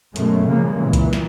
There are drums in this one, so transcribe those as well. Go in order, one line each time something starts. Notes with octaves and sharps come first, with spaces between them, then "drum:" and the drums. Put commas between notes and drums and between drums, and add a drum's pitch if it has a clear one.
F#2 B2 G#3 A3, drum: hi-hat
C#3 F3 G3 G#3 A#3
A#2 E3
drum: kick C2, hi-hat
drum: snare